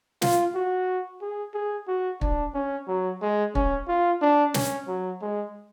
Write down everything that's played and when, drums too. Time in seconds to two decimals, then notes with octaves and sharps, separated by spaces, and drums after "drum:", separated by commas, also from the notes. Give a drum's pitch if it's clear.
0.22 F4, drum: snare
0.55 F#4
1.22 G#4
1.54 G#4
1.88 F#4
2.21 D4, drum: kick
2.54 C#4
2.88 F#3
3.22 G#3
3.55 C#4, drum: kick
3.88 F4
4.22 D4
4.54 C#4, drum: snare
4.88 F#3
5.22 G#3